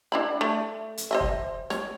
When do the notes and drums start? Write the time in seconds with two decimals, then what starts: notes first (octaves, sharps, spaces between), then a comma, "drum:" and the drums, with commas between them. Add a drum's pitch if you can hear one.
0.12 D4 E4 B5
0.41 A3
0.97 drum: hi-hat
1.11 C5 D#5 E5
1.21 drum: kick
1.70 C#5, drum: snare